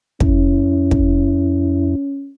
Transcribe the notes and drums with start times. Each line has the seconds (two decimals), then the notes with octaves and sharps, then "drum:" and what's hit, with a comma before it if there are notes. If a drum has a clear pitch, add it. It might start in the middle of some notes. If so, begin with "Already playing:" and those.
0.20 F2 C#4 E4, drum: kick
0.91 drum: kick